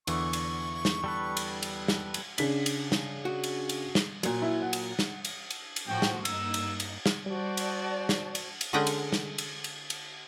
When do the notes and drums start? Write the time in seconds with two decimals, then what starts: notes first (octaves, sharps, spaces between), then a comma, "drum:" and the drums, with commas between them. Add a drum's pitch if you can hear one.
0.07 E2 D3 E3 C#6, drum: cymbal
0.33 drum: cymbal
0.85 drum: snare
1.04 G3 A4 B4
1.37 drum: cymbal
1.63 drum: cymbal
1.88 drum: snare
2.14 drum: cymbal
2.38 C#3 D4 B6, drum: cymbal
2.66 drum: cymbal
2.92 drum: snare
3.25 F#4
3.44 drum: cymbal
3.69 drum: cymbal
3.95 drum: snare
4.23 A#2 F#3, drum: cymbal
4.42 E4
4.62 F#5
4.73 drum: cymbal
4.99 drum: snare
5.25 drum: cymbal
5.50 drum: cymbal
5.76 drum: cymbal
5.88 A2 F3 F#4 G5
6.02 drum: snare
6.25 G2 A#3 D#4 E6, drum: cymbal
6.54 drum: cymbal
6.80 drum: cymbal
7.06 drum: snare
7.26 G3 F#4 C5 D5 A5
7.57 drum: cymbal
8.09 drum: snare
8.35 drum: cymbal
8.61 drum: cymbal
8.73 D3 G#3 C#4 D#5 F#5 G5
8.87 drum: cymbal
9.12 drum: snare
9.38 drum: cymbal
9.64 drum: cymbal
9.90 drum: cymbal